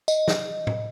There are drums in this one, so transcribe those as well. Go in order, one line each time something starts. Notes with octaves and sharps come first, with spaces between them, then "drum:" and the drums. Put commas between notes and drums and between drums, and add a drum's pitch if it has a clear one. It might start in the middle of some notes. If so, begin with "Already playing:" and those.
D#5, drum: tambourine
drum: snare
drum: tom